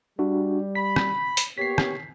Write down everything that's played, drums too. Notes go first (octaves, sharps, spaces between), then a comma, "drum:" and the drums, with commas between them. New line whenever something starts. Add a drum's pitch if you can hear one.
G3 D4 F#4
B5 B6
drum: rim click
drum: hi-hat
A#3 B3 G4 C#5 B6 C7
drum: rim click